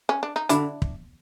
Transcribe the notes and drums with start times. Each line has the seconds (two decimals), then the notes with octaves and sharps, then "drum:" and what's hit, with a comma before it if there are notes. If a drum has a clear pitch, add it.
0.09 C#4
0.23 D4
0.36 D#4
0.49 D3 D4 E4, drum: hi-hat
0.82 drum: kick